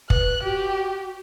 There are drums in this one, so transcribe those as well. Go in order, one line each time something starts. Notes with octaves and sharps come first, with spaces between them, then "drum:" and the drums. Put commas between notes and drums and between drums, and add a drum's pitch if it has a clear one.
B4 F#6, drum: kick
F#4 G4